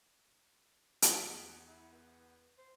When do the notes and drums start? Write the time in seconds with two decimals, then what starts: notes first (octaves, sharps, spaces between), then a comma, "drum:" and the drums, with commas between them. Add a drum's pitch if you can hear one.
1.02 drum: hi-hat
1.18 E2 G#4 F#5 B6
1.67 E4
1.92 B3
2.58 C5